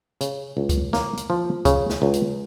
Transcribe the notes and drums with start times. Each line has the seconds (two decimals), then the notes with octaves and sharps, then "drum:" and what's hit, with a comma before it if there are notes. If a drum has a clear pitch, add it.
0.21 C#3, drum: hi-hat
0.57 C#2
0.69 drum: kick C#2, hi-hat
0.93 A#3, drum: snare
1.17 drum: hi-hat
1.30 F3
1.65 C#3, drum: kick C#2, hi-hat
1.89 drum: snare
2.02 C#2
2.13 drum: hi-hat